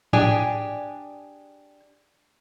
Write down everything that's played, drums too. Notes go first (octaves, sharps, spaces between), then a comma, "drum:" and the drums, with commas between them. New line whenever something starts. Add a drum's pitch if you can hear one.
D4 G4 G#4 G#5, drum: tom A2